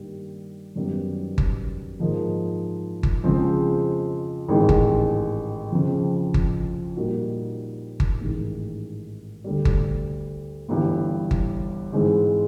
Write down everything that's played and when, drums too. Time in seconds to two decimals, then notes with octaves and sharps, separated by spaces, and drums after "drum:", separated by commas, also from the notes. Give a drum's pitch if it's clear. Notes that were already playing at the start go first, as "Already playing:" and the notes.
Already playing: G2 D#3 G3 A#3
0.76 F#2 D#3 G3 B3
1.38 drum: kick G1
1.99 G#2 F3 A#3 D#4
3.03 drum: kick G1
3.23 F2 C#3 F3 G#3 C4
4.48 A1 G#2 D#3 G#3 C4
4.69 drum: kick G1
5.72 F2 C#3 F3
6.34 drum: kick G1
6.96 A#2 G3 A#3 D#4 F#4
8.00 drum: kick G1
8.20 A1 G#2 D#3
9.44 D2 D3 G3
9.65 drum: kick G1
10.69 G1 G2 E3
11.31 drum: kick G1
11.93 G#2 E3 G#3 C4